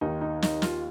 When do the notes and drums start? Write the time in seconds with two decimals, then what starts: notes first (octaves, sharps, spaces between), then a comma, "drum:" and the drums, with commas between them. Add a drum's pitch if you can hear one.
0.01 D#2 D#3 D#4
0.21 D#4
0.42 D#4, drum: snare
0.62 F4, drum: snare